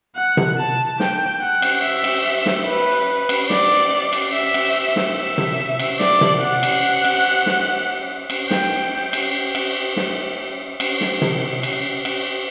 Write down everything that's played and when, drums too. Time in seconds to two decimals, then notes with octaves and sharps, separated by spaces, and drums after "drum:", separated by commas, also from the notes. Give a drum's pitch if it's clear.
0.16 F#5
0.37 drum: tom C3
0.58 A5
1.00 G5, drum: snare
1.41 F#5
1.62 drum: cymbal
1.83 E5
2.04 drum: cymbal
2.46 drum: snare
2.67 B4
3.29 drum: cymbal
3.50 D5, drum: snare
4.13 drum: cymbal
4.33 E5
4.54 drum: cymbal
4.96 drum: snare
5.17 E5
5.38 drum: tom C3
5.79 drum: cymbal
6.00 D5, drum: snare
6.21 drum: tom C3
6.42 F#5
6.63 drum: cymbal
7.05 drum: cymbal
7.46 drum: snare
8.30 drum: cymbal
8.51 G5, drum: snare
9.13 drum: cymbal
9.55 drum: cymbal
9.96 drum: snare
10.80 drum: cymbal
11.01 drum: snare
11.22 drum: tom C3
11.63 drum: cymbal
12.05 drum: cymbal